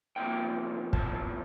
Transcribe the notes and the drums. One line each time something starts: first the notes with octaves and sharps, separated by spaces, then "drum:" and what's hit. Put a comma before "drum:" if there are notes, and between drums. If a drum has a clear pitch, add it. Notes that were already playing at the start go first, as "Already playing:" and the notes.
E2 C3 F3 A#3 G5
A5, drum: kick